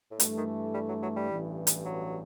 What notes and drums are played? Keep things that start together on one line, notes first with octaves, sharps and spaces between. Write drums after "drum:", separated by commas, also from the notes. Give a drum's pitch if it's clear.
A2
G2 B2 E3 A3, drum: hi-hat
D#3
G3
F#3
F#3
G3
A1 G2 E3
drum: hi-hat
F#3